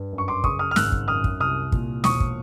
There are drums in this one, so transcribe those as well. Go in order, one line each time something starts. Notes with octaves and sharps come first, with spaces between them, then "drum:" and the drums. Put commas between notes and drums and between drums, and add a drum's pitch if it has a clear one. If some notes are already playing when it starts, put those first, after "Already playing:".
Already playing: G2
F#2
C#6
C6 D6
C#3 C#6 D#6, drum: kick
D#6 F6
F6
G#1 E6 F#6, drum: snare
drum: kick
F#2 D#6 F6
drum: kick
C2 D#6 F6
A#2, drum: kick
E1 C#6 D#6, drum: snare
drum: kick